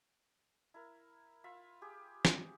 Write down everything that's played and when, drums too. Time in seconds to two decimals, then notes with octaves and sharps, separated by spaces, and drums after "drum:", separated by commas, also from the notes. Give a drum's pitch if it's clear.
0.74 E4 A#4
1.44 F4 E5 B5
1.82 G4 G#4
2.25 drum: snare